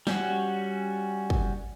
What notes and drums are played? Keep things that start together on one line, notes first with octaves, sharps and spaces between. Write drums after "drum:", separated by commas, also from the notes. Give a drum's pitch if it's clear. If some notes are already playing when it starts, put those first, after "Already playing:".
G3 C#4 F#4, drum: snare
drum: kick